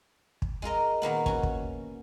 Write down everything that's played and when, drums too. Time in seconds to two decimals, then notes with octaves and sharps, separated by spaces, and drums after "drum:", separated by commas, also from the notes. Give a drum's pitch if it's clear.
0.42 drum: kick
0.62 G#3 F4 A#4 D#5
1.02 A#2 D#3 A#3 B3
1.26 C#4 F#4, drum: kick
1.43 drum: kick